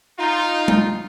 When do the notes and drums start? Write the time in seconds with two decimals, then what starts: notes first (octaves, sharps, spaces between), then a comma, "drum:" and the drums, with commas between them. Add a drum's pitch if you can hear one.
0.19 D#4 F4
0.68 drum: tom G#3